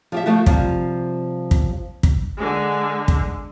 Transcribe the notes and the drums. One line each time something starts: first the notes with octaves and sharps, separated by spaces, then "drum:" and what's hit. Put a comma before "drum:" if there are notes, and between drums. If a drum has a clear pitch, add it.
F3 G4 E5
F3 A3 F#4
C3 F3 G3, drum: kick
drum: kick
drum: kick
D3 G#3
drum: kick